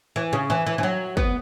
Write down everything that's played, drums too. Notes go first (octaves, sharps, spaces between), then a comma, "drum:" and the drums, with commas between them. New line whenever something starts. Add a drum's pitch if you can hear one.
E3
C#3
E3
E3
E3
F#3
B3, drum: kick